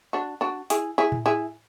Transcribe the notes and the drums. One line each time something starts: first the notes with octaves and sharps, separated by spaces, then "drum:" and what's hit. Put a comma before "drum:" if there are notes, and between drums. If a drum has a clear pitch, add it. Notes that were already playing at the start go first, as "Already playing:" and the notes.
D4 F#4
D4 F#4
E4 G#4, drum: hi-hat
E4 G#4
drum: tom A2
E4 G#4